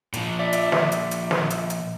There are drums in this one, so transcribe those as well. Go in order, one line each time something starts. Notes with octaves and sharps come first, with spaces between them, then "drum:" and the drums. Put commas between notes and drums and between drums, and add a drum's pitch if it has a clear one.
A#2 F3, drum: hi-hat
D5 E5 D6
drum: hi-hat
drum: snare
drum: hi-hat
drum: hi-hat
drum: snare
drum: hi-hat
drum: hi-hat